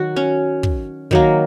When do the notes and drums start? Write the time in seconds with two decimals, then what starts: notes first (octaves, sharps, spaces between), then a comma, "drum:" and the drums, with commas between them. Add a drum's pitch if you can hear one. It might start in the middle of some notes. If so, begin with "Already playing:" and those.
Already playing: D#3 F#3 F#4
0.16 C#4
0.63 drum: kick
1.11 D#3 F#3 A#3, drum: kick